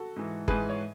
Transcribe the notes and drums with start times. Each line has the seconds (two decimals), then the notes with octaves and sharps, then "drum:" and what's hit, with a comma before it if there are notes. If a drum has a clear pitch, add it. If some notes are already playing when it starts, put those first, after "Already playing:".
Already playing: F#4 A4
0.16 G#2 E3
0.48 G#2 E3 G#4 B4, drum: kick G1
0.69 C#5